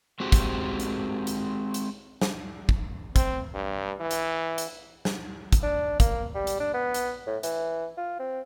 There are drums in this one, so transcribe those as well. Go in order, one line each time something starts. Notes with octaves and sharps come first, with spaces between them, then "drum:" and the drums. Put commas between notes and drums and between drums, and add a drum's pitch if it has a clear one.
G#3 C4 F#4 G4
drum: kick, hi-hat
drum: hi-hat
drum: hi-hat
drum: hi-hat
drum: snare
drum: kick
C4, drum: kick, hi-hat
G2
E3
drum: hi-hat
drum: hi-hat
drum: snare
drum: kick, hi-hat
D4
A#3, drum: kick, hi-hat
G3
drum: hi-hat
D4
B3
drum: hi-hat
A2
E3, drum: hi-hat
F4
C4